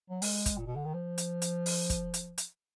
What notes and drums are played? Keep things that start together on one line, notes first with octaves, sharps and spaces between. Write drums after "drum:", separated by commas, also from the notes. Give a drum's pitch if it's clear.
F#3
G#3, drum: open hi-hat
drum: kick, hi-hat
A#2
B2
D3
D#3
F3
drum: hi-hat
drum: hi-hat
drum: open hi-hat
drum: kick, hi-hat
drum: hi-hat
drum: hi-hat